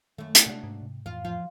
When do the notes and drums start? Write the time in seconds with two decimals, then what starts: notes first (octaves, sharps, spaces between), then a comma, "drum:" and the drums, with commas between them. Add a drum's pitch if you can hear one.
0.18 F#2 D#3 A3
0.35 drum: hi-hat
0.46 C3 G#3 A#3 D4 F#4
0.64 G#2
0.81 C3
1.06 F2 A2 E3 F4
1.25 F3 F4